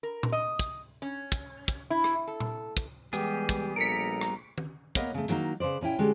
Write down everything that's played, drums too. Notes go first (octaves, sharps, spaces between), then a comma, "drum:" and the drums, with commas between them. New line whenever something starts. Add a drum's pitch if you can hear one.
A#4
drum: tom A#2
D#5
drum: kick, hi-hat
C#4
drum: kick, hi-hat
drum: kick, hi-hat
E4
drum: rim click
A4
drum: tom A#2
drum: kick, hi-hat
E3 G3 G#3 B3 G4 G#4, drum: hi-hat
drum: kick, hi-hat
A#1 A4 A#4 A#5 B6 C#7 D7
drum: rim click
drum: tom D#3
A#3 B3 A#4 C#5 D#5, drum: kick, hi-hat
C#3 A3
D#3 F#3 G3 A#3 D#4, drum: hi-hat
C#3 B4 C5 D5
A#2 C#4 E4 G5
D3 G#3 C#4 G4 A4